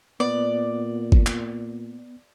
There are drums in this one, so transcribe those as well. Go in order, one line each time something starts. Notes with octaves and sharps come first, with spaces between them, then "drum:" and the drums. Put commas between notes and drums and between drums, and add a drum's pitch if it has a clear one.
A#2 B3 D5
drum: kick
drum: clap